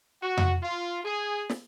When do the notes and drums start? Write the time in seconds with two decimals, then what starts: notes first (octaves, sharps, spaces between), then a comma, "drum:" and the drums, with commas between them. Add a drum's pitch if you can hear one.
0.22 F#4
0.37 drum: tom F2
0.63 F4
1.05 G#4
1.50 drum: snare